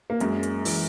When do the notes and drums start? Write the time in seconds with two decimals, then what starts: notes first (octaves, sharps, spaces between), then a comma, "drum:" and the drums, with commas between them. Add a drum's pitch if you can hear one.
0.10 A#3
0.20 F#2 G#3, drum: hi-hat
0.43 drum: hi-hat
0.65 E3, drum: open hi-hat